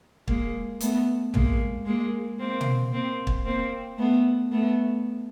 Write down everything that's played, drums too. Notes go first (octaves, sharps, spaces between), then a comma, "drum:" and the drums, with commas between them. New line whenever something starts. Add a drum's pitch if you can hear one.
G#3 A#3, drum: kick
A3 B3, drum: hi-hat
G#3 A#3, drum: tom
G#3 A#3
A#3 C4
drum: tom B2
A#3 C4
drum: kick
A#3 C4
A3 B3
A3 B3